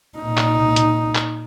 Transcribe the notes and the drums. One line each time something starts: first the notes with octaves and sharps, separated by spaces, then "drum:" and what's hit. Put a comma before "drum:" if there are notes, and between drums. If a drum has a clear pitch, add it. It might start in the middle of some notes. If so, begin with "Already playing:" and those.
A#2 D#4
drum: clap
drum: hi-hat
drum: clap